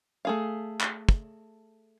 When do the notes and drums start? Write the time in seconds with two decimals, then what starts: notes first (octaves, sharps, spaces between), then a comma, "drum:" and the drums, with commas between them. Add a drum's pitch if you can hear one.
0.25 A3 G#4 F5
0.81 drum: clap
1.09 drum: kick